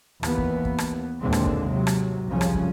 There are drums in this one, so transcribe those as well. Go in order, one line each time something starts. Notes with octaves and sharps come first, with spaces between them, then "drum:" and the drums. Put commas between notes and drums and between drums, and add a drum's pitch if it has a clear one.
D#2 E3 B3, drum: rim click
drum: kick
drum: kick
drum: rim click
D#2 A#2 D3 E3 G#3 C4
drum: rim click
drum: kick
G#2 C3 F#3
drum: rim click
C2 F2 C#3 F3 C#4
drum: rim click
drum: kick